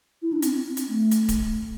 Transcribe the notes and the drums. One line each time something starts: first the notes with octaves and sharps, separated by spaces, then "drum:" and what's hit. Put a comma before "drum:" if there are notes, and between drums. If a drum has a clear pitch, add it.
E4
D4
C4, drum: hi-hat
C4
drum: hi-hat
A3
drum: hi-hat
drum: kick D1, hi-hat